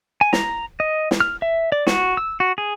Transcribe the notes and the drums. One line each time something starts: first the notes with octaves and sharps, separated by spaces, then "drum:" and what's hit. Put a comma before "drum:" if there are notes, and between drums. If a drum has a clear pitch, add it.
G#5
A#5, drum: snare
D#5
drum: snare
F6
E5
D5
F#4, drum: snare
E6
F#4
G#4